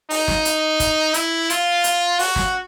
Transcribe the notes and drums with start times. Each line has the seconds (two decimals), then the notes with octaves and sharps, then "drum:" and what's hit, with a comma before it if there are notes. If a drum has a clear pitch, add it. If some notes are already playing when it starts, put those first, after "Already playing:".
0.10 D#4, drum: open hi-hat
0.28 drum: snare
0.45 drum: hi-hat
0.80 drum: kick, hi-hat
1.14 E4, drum: hi-hat
1.50 F4, drum: hi-hat
1.84 drum: hi-hat
2.19 F#4, drum: open hi-hat
2.36 drum: snare